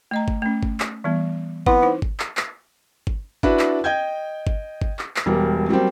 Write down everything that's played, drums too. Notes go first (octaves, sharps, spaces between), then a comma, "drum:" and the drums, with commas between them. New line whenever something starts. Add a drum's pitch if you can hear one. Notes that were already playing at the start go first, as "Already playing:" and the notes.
A3 D#5 A#5
drum: kick G1
A3 C#4
drum: kick G1
drum: clap
E3 G3 B3
B3 C4 E4 C6, drum: kick G1
D#4 E4 C5
drum: kick G1
drum: clap
drum: clap
drum: kick G1
D4 E4 F#4 B4, drum: kick G1
drum: clap
D#5 G5 G6 G#6
drum: kick G1
drum: kick G1
drum: clap
drum: clap
E1 G3 A#4
F#3 G3 A#3 C4